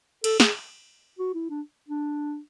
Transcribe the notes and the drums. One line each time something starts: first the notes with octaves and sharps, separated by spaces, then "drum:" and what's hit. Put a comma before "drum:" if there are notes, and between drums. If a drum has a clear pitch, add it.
A4, drum: cymbal
G#4, drum: snare
F#4
E4
D4
D4